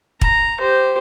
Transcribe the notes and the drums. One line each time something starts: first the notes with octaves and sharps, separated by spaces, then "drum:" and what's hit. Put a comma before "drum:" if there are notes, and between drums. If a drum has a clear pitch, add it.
A#5, drum: kick
G4 C5